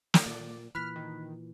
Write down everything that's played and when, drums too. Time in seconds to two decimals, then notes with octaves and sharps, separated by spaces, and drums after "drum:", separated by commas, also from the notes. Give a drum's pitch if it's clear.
0.14 drum: snare
0.26 A#2 D5
0.75 A#2 E3 B5 F6 F#6 B6
0.96 D#3